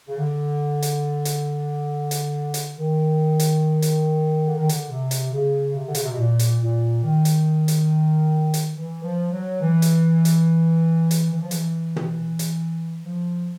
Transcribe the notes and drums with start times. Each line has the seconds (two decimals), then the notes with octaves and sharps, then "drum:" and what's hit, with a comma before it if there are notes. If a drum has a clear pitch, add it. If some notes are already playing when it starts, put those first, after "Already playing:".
0.08 C#3
0.18 D3
0.82 drum: hi-hat
1.25 drum: hi-hat
2.11 drum: hi-hat
2.54 drum: hi-hat
2.76 D#3
3.40 drum: hi-hat
3.82 drum: hi-hat
4.47 D3
4.58 D#3
4.69 D3, drum: hi-hat
4.90 C3
5.11 drum: hi-hat
5.32 C#3
5.75 C3
5.87 D3
5.95 C#3, drum: hi-hat
6.03 C3
6.10 B2
6.18 A#2
6.39 drum: hi-hat
6.61 A#2
7.03 D#3
7.25 drum: hi-hat
7.68 drum: hi-hat
8.54 drum: hi-hat
8.75 E3
9.03 F3
9.32 F#3
9.61 E3
9.82 drum: hi-hat
10.25 drum: hi-hat
11.11 drum: hi-hat
11.32 E3
11.41 F3
11.51 E3, drum: hi-hat
11.96 drum: tom
12.39 drum: hi-hat
13.04 F3